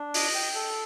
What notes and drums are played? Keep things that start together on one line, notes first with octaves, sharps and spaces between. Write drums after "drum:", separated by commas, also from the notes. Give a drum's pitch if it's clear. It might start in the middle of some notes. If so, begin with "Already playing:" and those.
Already playing: D4
D#5, drum: open hi-hat
G5
A4